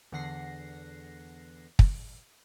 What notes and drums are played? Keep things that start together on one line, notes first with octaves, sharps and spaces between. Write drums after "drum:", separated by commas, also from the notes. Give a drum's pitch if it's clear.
E2 D3 F#5 A#6 C7
drum: kick